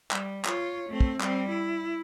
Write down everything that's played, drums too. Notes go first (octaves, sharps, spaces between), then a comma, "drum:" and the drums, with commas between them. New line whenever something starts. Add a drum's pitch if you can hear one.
G3, drum: clap
F4 C#5, drum: clap
A3 C4
drum: kick
G3 C4, drum: clap
E4